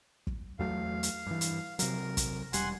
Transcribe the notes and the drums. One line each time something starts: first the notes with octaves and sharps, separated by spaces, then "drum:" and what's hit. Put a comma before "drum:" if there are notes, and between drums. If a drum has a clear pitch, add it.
drum: kick
E2 F#3 A3 F5
drum: hi-hat
G2 E3
drum: hi-hat
C3 F#3 A#4, drum: hi-hat
drum: kick, hi-hat
E1 G3 F#5 G#5 C6, drum: hi-hat